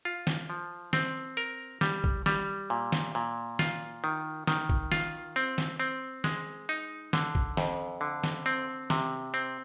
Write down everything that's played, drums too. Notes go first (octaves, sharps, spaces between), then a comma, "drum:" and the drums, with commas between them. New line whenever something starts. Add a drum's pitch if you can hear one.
F4
drum: snare
F3
C4, drum: snare
A#4
G3, drum: snare
drum: kick
G3, drum: snare
A#2
drum: snare
A#2
F4, drum: snare
D#3
D#3, drum: snare
drum: kick
F4, drum: snare
C4
drum: snare
C4
G#3, drum: snare
D#4
D3, drum: snare
drum: kick
F2, drum: snare
D3
drum: snare
C4
C3, drum: snare
C4